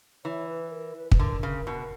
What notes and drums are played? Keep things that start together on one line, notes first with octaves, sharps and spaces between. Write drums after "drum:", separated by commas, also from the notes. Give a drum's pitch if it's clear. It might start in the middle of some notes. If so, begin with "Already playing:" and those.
E3 C#5
B4
A#4
B4
B4, drum: kick
D3 A#4
C#3
B2